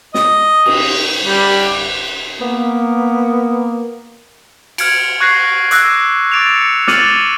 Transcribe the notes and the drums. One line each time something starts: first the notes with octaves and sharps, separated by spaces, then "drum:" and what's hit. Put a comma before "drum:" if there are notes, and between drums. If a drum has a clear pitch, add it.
D#5, drum: snare
drum: cymbal
G3
A#3 B3
F6 G#6 C#7 D7, drum: cymbal
C#6 F#6 G#6 A#6 C7
D6 E6 F#6 A#6, drum: hi-hat
D6 A6 D7 E7 F7
C#7
D6 F6 A6 C#7 D#7 F#7, drum: snare